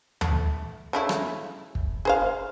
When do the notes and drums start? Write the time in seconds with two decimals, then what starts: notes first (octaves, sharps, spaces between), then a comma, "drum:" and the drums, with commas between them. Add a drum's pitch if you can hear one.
0.21 A3, drum: tom
0.93 C#3 A3 E4
1.09 drum: rim click
1.75 drum: kick
2.05 G#4 C5 F5